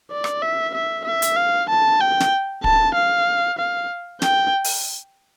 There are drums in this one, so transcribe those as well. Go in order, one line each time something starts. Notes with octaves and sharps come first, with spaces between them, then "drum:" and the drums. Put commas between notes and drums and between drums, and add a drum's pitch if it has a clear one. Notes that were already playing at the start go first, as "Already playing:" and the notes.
D5
drum: rim click
E5
E5
E5
drum: hi-hat
F5
A5
G5
drum: snare
A5, drum: kick
F5
F5
G5, drum: snare
drum: open hi-hat